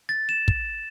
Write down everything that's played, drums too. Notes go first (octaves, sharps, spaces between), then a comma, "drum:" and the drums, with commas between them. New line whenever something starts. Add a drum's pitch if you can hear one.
A6
E7
drum: kick